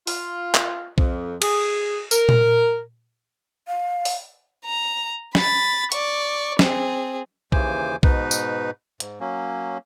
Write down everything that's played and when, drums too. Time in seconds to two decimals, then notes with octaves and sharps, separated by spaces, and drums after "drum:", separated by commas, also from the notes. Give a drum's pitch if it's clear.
0.07 F4, drum: open hi-hat
0.54 drum: clap
0.98 F2, drum: kick
1.42 G#4, drum: cymbal
2.11 A#4, drum: tambourine
2.29 drum: tom A#2
3.67 F5
4.05 drum: open hi-hat
4.65 A#5
5.35 B5 A6, drum: snare
5.92 D5 C#6, drum: hi-hat
6.59 C4 G#4, drum: snare
7.52 D#2 C#3 E3 C5 G#5 D6, drum: kick
8.03 G#2 B2 D#4 B4, drum: kick
8.31 drum: tambourine
9.00 G#2, drum: hi-hat
9.20 F#3 A#3 C#4